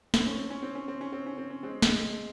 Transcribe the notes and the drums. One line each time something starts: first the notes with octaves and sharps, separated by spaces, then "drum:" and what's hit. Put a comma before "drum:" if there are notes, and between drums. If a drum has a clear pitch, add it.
C4, drum: snare
C#4
C4
C#4
C4
C#4
C4
C#4
C4
C#4
C4
C#4
G#3 C4
G#3 C4, drum: snare